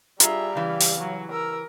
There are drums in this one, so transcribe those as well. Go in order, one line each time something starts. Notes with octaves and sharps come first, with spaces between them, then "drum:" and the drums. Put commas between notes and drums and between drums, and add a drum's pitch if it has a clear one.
G3 F4 G#4 E5 A#5, drum: hi-hat
C#3 E3 F5
drum: open hi-hat
F#3
A#4 E6